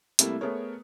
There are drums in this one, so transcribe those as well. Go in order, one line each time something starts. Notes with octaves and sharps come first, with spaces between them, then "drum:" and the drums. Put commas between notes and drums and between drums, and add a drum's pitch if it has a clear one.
C3 G3 A3 A#3 E4, drum: hi-hat
A3 B3 G#4 A#4 C#5